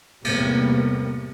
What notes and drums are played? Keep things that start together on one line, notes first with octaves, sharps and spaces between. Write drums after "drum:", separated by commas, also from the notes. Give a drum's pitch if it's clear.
E2 A2 C3 G3 A#3 B3, drum: cymbal